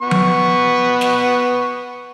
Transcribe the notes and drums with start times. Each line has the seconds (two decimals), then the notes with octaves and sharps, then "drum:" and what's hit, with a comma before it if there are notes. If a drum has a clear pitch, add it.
0.02 B3 C#6
0.11 drum: tom F3
1.01 drum: snare